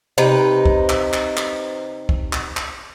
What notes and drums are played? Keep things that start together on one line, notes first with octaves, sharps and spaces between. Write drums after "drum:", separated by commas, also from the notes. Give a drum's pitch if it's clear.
C3 D#4 B4
drum: kick
drum: clap
drum: clap
drum: clap
drum: kick
drum: clap
drum: clap